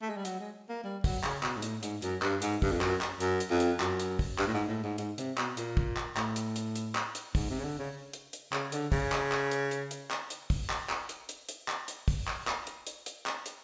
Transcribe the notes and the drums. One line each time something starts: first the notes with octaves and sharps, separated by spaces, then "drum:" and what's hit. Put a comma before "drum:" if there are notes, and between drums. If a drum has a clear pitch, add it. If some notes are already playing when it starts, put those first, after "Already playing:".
A3
G#3
G3
F#3, drum: hi-hat
G#3
A#3
G3
F#3, drum: kick, open hi-hat
C#3, drum: clap
B2, drum: clap
G#2
A2, drum: hi-hat
G#2, drum: hi-hat
F#2, drum: hi-hat
G2, drum: clap
G#2, drum: hi-hat
G2, drum: kick, open hi-hat
F2
F#2, drum: clap
drum: clap
F#2, drum: hi-hat
drum: hi-hat
F2
drum: hi-hat
F#2, drum: clap
drum: hi-hat
drum: kick, open hi-hat
G2, drum: clap
A2
G#2
A2
G#2
G#2, drum: hi-hat
C3, drum: hi-hat
B2, drum: clap
A#2, drum: hi-hat
drum: kick
drum: clap
A2, drum: clap
drum: hi-hat
drum: hi-hat
drum: hi-hat
drum: clap
drum: hi-hat
G#2, drum: kick, open hi-hat
C3
C#3
D3
C#3
drum: hi-hat
drum: hi-hat
C#3, drum: clap
D3, drum: hi-hat
C#3, drum: kick, open hi-hat
drum: clap
drum: clap
drum: hi-hat
drum: hi-hat
drum: hi-hat
drum: clap
drum: hi-hat
drum: kick, open hi-hat
drum: clap
drum: clap
drum: hi-hat
drum: hi-hat
drum: hi-hat
drum: clap
drum: hi-hat
drum: kick, open hi-hat
drum: clap
drum: clap
drum: hi-hat
drum: hi-hat
drum: hi-hat
drum: clap
drum: hi-hat